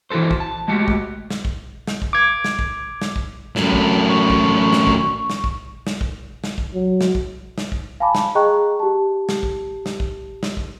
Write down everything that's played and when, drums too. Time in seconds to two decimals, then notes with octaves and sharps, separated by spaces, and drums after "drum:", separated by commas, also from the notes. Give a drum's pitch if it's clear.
0.10 E3 E4 F#4 A4 C5
0.31 drum: kick
0.40 A5
0.68 G#3 A3 F#4 G4
0.88 drum: kick
1.30 drum: snare
1.45 drum: kick
1.87 drum: snare
2.02 drum: kick
2.13 D6 G#6
2.44 drum: snare
2.59 drum: kick
3.01 drum: snare
3.16 drum: kick
3.56 F#2 A2, drum: snare
3.73 drum: kick
4.08 C#6
4.30 drum: kick
4.73 drum: snare
4.87 drum: kick
5.30 drum: snare
5.44 drum: kick
5.87 drum: snare
6.01 drum: kick
6.44 drum: snare
6.58 drum: kick
6.75 F#3
7.01 drum: snare
7.15 drum: kick
7.58 drum: snare
7.72 drum: kick
8.00 F5 G#5 A5 B5 D6
8.15 drum: snare
8.35 G#4 D#5 G5 A#5 C#6 F#6
8.79 G4 A5
9.29 drum: snare
9.43 drum: kick
9.86 drum: snare
10.00 drum: kick
10.43 drum: snare
10.57 drum: kick